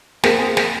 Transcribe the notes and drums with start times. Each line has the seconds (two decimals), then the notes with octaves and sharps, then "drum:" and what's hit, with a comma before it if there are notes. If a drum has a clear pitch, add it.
0.23 A#3 C4 G#4, drum: snare
0.57 drum: snare